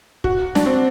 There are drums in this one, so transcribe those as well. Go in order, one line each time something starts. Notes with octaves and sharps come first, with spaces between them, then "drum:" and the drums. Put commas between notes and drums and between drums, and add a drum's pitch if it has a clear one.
F#4, drum: kick
D4, drum: snare
C4